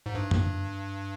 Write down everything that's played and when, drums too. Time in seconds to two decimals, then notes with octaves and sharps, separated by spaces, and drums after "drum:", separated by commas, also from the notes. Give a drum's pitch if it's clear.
0.06 G#2
0.15 G2
0.31 drum: tom